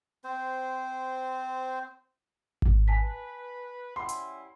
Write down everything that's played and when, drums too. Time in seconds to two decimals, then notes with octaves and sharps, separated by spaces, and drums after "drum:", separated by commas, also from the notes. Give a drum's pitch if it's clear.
0.24 C4 C5
2.62 drum: kick G#1
2.88 B4 G#5 A5 B6
3.96 G3 C#4 E4 F#5 B5 C6
4.09 drum: hi-hat